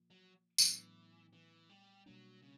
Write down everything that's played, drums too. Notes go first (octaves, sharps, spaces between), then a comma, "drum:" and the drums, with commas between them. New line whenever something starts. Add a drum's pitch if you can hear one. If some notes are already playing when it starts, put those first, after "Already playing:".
Already playing: A#2 F3
F#3
A2 E3 F#3 B3 D4, drum: tambourine
E3
G3
B2 F#3 G3 A#3 D4
C#3